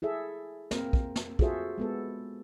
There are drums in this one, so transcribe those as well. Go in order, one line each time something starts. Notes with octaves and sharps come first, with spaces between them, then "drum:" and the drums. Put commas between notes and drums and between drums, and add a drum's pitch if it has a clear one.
E4 G#4 A4 E5
A#3 C4 A#4, drum: snare
drum: kick
drum: snare
F4 F#4 G#4 A4 C5 E5, drum: kick
G#3 B3 A4